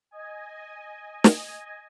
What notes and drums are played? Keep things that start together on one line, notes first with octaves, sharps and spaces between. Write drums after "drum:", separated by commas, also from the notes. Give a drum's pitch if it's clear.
D#5 G#5
drum: snare